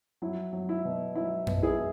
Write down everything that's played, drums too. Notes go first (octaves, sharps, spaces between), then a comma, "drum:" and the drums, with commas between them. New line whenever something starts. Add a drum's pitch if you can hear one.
F#3 E4
F#3
E4
B2
F#3 E4
B2, drum: tom F2
E4 G#4